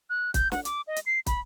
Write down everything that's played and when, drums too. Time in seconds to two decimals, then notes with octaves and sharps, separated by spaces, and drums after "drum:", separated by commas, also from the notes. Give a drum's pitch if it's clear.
0.10 F#6
0.34 G6, drum: kick, hi-hat
0.52 F#5, drum: snare
0.65 D6, drum: hi-hat
0.87 D#5
0.96 drum: hi-hat
1.06 C7
1.26 B5, drum: kick, hi-hat